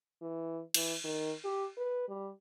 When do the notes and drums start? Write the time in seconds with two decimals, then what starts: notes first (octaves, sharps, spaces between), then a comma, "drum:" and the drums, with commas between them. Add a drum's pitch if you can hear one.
0.21 E3
0.74 E3, drum: cymbal
1.04 D#3
1.44 G4
1.77 B4
2.08 G3